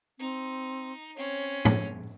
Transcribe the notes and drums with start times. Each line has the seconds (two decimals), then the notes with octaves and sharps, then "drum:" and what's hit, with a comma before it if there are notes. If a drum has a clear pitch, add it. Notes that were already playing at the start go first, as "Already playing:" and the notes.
0.19 C4 D#4
1.16 C4 C#4 C#5
1.65 drum: tom A2